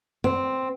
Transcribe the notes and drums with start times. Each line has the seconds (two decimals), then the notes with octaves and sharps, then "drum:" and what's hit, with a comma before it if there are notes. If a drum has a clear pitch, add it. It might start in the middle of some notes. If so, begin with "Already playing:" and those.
0.24 C4, drum: tom F#2